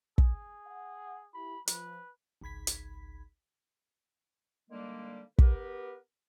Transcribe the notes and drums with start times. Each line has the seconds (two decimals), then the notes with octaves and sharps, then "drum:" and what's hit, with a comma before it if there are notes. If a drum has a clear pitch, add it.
0.18 G#4, drum: kick
0.65 F#5
1.34 E4 G4 B5
1.67 F3 B4, drum: hi-hat
2.41 G#1 C#2 B5 G#6 B6
2.67 drum: hi-hat
4.70 D3 D#3 G3 G#3 A#3
5.38 B3 G4 A#4 B4, drum: kick